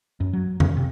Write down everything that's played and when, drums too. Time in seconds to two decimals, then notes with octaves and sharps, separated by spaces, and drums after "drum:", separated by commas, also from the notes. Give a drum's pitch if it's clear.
0.20 F#2
0.33 F#3
0.60 C#3, drum: tom F2
0.77 C3